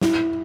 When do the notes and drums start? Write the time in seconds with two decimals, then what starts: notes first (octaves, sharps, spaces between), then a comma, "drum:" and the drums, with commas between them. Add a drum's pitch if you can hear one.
0.01 E4, drum: snare